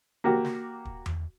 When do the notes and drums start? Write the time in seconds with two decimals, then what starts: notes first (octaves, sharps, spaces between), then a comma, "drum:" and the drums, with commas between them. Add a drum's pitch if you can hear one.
0.24 A#3 F#4 G4
0.45 drum: snare
0.85 drum: kick
1.06 drum: tom E2